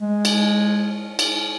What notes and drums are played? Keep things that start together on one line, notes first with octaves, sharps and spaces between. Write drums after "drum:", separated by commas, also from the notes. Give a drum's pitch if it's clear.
G#3
drum: cymbal
drum: cymbal